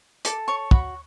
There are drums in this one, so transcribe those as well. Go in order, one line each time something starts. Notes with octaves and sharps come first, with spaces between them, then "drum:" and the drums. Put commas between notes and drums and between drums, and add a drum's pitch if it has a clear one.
A4 D6, drum: hi-hat
C#5 C#6
F#4 B5, drum: kick